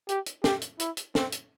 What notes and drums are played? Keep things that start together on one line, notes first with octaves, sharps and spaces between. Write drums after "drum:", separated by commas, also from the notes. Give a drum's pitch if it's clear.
G4, drum: hi-hat
drum: hi-hat
G4, drum: snare
drum: hi-hat
E4, drum: hi-hat
drum: hi-hat
C4, drum: snare
drum: hi-hat